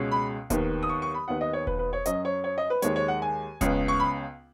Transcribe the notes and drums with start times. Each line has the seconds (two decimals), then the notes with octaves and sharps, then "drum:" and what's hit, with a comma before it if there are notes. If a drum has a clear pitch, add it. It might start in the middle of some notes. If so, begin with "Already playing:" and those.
Already playing: C#2 B2 G#3 C#4
0.11 B5
0.50 D#2 D#3 B3, drum: kick E1, hi-hat
0.83 D#6
0.89 C#6
1.02 C#6
1.14 B5
1.28 D#2 D#3 B3 F#5
1.41 D#5
1.53 C#5
1.67 B4, drum: kick E1
1.79 B4
1.93 C#5
2.05 F#2 F#3 C#4 D#5, drum: hi-hat
2.25 C#5
2.44 C#5
2.58 D#5
2.70 B4
2.82 D#2 D#3 G#3 C#5, drum: hi-hat
2.96 C#5
3.08 F#5
3.22 G#5
3.61 C#2 C#3 B3, drum: kick E1, hi-hat
3.88 C#6
4.00 B5